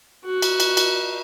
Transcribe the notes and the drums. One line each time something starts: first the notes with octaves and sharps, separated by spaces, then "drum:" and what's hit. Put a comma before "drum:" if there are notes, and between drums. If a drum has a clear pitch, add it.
F#4
drum: cymbal
drum: cymbal
drum: cymbal